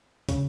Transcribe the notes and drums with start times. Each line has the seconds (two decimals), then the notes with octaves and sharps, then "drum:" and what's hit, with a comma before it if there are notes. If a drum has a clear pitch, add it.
0.29 C#3, drum: kick, hi-hat